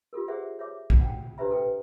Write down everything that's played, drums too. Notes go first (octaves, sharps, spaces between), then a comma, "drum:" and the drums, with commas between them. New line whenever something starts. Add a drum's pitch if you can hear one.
F4 G4 A4 A#4
G#4 C5 D5 E5 F#5
C#5 E5 D6
drum: kick B1
F#5 G5
D4 G4 B4 C5 E5 A#5
A4 B4 G5